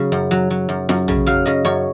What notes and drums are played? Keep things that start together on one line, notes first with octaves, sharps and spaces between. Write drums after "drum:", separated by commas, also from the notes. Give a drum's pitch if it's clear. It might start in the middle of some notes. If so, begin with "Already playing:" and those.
Already playing: C#3 F#3
F#2
F#3
F#3
F#2
F#2, drum: snare
C#3, drum: tom
F#3 F5
C#3 D#5
F#2 C#5